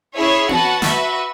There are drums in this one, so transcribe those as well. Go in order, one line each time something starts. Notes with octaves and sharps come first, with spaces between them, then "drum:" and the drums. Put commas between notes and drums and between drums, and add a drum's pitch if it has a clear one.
C#4 E4 G#4 C#5 E5
F#4 B4 F#5 A5, drum: tom B3
F#4 B4 E5, drum: snare